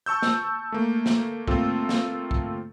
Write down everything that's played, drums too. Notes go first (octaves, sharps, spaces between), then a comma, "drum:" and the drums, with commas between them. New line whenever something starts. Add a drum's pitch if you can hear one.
A5 C#6 E6 G6
drum: snare
A3 A#3
drum: snare
A3 A#3 C4 F4 A4, drum: kick
drum: snare
drum: kick